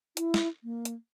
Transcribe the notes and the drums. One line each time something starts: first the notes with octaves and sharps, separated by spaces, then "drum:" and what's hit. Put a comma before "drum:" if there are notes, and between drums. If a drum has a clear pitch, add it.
E4, drum: hi-hat
drum: snare
A#3
drum: hi-hat